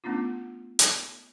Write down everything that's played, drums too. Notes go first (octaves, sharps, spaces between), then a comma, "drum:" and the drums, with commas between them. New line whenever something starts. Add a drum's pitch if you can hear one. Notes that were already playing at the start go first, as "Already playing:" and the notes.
A3 B3 C#4 D4 F4
drum: hi-hat